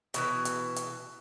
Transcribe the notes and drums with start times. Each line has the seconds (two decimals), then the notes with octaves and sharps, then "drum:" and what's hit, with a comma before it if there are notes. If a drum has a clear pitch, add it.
0.14 B2 D#3 E3, drum: hi-hat
0.45 drum: hi-hat
0.76 drum: hi-hat